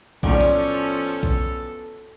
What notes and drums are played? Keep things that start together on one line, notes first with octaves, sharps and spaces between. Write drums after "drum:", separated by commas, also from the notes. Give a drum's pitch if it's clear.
B1 A2 F3 B3 C#4 A4 D5, drum: kick B1
drum: hi-hat
drum: kick B1